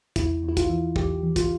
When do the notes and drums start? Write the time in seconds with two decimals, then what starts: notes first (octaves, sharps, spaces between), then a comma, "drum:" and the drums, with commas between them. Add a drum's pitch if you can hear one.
0.16 E2 E4, drum: kick, hi-hat
0.43 E2
0.48 E4
0.57 F4, drum: kick, hi-hat
0.69 E3
0.96 E2 G4, drum: kick
1.23 E3
1.36 F4, drum: kick, hi-hat